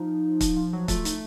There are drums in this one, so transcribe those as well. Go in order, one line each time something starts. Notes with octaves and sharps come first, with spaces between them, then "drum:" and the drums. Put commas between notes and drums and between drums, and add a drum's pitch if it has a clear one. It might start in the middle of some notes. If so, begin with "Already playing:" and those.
Already playing: F3 D#4
F3, drum: kick, hi-hat
F3
F#3
A3 F4, drum: kick, hi-hat
D#4, drum: hi-hat